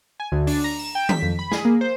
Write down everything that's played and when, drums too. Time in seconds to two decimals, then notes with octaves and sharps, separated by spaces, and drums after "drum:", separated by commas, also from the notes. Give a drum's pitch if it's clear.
0.20 G#5
0.32 D2
0.47 D4, drum: open hi-hat
0.64 A#5
0.79 E7
0.95 G5
1.09 B6, drum: tom D#3
1.22 F2
1.39 B5
1.52 G#4, drum: snare
1.65 A#3
1.81 C5